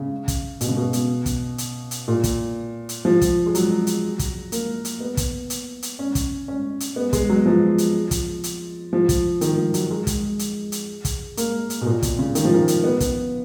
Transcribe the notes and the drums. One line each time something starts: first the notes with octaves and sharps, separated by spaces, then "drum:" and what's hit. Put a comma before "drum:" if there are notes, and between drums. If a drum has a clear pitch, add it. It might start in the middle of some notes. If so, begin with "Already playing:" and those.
Already playing: C#3
drum: kick, hi-hat
B2, drum: hi-hat
C#3
B2
drum: hi-hat
drum: kick, hi-hat
drum: hi-hat
drum: hi-hat
A#2
drum: kick, hi-hat
drum: hi-hat
F3
drum: kick, hi-hat
G#3
F#3, drum: hi-hat
drum: hi-hat
drum: kick, hi-hat
A#3, drum: hi-hat
drum: hi-hat
B3
drum: kick, hi-hat
drum: hi-hat
drum: hi-hat
C#4
drum: kick, hi-hat
C#4
drum: hi-hat
B3
G#3, drum: kick, hi-hat
F#3
F3
drum: hi-hat
drum: kick, hi-hat
drum: hi-hat
F3
drum: kick, hi-hat
D#3, drum: hi-hat
F3
F#3, drum: hi-hat
G#3
drum: kick, hi-hat
drum: hi-hat
drum: hi-hat
drum: kick, hi-hat
A#3, drum: hi-hat
drum: hi-hat
B2
A#2
drum: kick, hi-hat
C#3
D#3, drum: hi-hat
F3
D#3
drum: hi-hat
B3
drum: kick, hi-hat